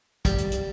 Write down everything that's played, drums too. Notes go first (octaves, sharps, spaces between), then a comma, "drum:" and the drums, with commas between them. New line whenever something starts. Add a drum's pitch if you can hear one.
G3, drum: kick, hi-hat
drum: hi-hat
drum: hi-hat